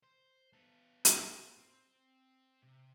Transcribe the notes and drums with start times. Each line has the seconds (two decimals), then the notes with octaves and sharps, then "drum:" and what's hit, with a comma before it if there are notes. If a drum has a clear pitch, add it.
0.04 C5
0.53 B3 A4
1.05 G5, drum: hi-hat
1.58 C4
2.62 C3